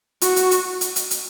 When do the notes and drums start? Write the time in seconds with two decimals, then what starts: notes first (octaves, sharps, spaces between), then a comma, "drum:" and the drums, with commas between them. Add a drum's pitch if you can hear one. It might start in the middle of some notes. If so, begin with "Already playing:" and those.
0.21 F#4, drum: hi-hat
0.36 drum: hi-hat
0.51 drum: hi-hat
0.81 drum: hi-hat
0.96 drum: hi-hat
1.11 drum: hi-hat